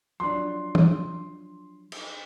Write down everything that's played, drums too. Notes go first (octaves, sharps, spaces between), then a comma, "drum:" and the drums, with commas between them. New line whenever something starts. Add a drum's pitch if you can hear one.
F3 F#3 D4 C6
drum: tom
drum: cymbal